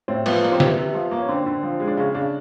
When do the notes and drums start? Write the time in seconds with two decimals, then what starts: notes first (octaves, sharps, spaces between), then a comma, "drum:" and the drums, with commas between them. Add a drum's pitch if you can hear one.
0.08 A2 C4
0.26 F3 B3, drum: cymbal
0.42 A#3
0.52 C4
0.60 C3 B3, drum: snare
0.77 C3
0.94 F3
1.11 A#3
1.18 C#4
1.29 D3 C4
1.46 D3
1.63 F3
1.80 G#3
1.87 D4
1.97 C#3 C#4
2.15 C#3 D4